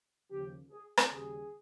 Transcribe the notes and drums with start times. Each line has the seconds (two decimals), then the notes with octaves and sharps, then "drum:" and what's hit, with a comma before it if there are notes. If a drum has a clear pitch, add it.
0.30 D#2 C#3 F3 G4
0.71 G#4
0.97 drum: rim click
1.10 D#2 C#3 G3 G#4